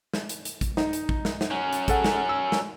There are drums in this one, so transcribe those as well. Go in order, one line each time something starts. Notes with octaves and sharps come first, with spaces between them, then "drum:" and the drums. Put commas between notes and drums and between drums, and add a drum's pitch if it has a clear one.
drum: snare
drum: hi-hat
drum: hi-hat
drum: kick, hi-hat
D#4, drum: snare
drum: hi-hat
drum: kick
drum: snare
drum: snare
F#3 C#4
drum: hi-hat
G#4 A4 F#5, drum: kick, hi-hat
drum: snare
E6
drum: snare